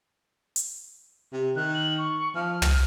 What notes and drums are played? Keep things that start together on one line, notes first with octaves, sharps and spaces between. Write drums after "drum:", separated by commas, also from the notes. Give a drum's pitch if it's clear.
drum: hi-hat
C3
D#3 F#6
F#7
C#6
F3 F6
drum: tom